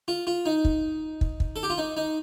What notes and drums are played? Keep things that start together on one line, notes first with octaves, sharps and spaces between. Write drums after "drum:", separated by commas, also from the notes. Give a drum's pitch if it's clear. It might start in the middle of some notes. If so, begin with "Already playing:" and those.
F4
F4
D#4
drum: kick
drum: kick
drum: kick
A4
G4
F4
D#4
D#4